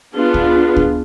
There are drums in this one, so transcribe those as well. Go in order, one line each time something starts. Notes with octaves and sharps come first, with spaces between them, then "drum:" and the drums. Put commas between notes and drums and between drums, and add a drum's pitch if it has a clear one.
B3 D4 F4 G#4
drum: kick D2
drum: kick D2